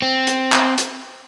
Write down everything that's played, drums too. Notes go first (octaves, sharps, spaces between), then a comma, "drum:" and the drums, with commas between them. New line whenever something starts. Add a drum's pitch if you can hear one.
C4
drum: hi-hat
drum: clap
drum: hi-hat